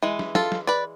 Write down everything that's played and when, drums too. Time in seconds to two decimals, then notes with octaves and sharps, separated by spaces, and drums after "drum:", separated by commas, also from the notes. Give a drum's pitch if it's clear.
0.03 E3 G#3
0.19 drum: snare
0.35 F4 A4, drum: snare
0.52 drum: snare
0.67 B4 D5